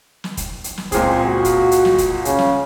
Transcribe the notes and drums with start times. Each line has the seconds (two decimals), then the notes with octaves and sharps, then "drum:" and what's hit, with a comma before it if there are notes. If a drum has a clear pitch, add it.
0.24 drum: snare
0.37 drum: kick, hi-hat
0.64 drum: hi-hat
0.78 drum: snare
0.92 C#2 A#2 C4 G#4, drum: kick, hi-hat
1.26 F#4
1.45 drum: kick, hi-hat
1.71 drum: hi-hat
1.85 drum: snare
1.98 drum: kick, hi-hat
2.25 C#3, drum: hi-hat
2.39 drum: snare